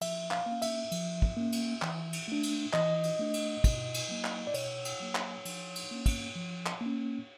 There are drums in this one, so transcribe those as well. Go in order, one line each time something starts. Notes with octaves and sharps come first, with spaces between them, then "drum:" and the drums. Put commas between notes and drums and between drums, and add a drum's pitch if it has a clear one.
F3 E5, drum: cymbal
F5, drum: clap
A#3
C#4
E5, drum: cymbal
F3, drum: cymbal
drum: kick
A#3 C#4
drum: cymbal
E3, drum: clap
drum: cymbal
A3 D4
drum: cymbal
E3 D#5, drum: clap
drum: cymbal
A3 D4
drum: cymbal
B2, drum: kick, cymbal
drum: cymbal
F#3 A#3
drum: clap
D5
B2 C#5, drum: cymbal
drum: cymbal
F#3 A#3
drum: clap
F3, drum: cymbal
drum: cymbal
A#3 C#4
drum: kick, cymbal
F3
drum: clap
A#3
C#4